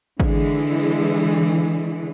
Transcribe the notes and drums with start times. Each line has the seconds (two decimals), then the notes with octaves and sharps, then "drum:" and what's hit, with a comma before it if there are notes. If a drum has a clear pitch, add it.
0.20 D3 E3 G#3, drum: kick G#1
0.80 drum: hi-hat